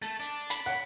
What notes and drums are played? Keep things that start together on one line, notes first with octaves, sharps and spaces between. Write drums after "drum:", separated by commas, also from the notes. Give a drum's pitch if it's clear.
A3 A4
D4
B5, drum: hi-hat
C#5 F#5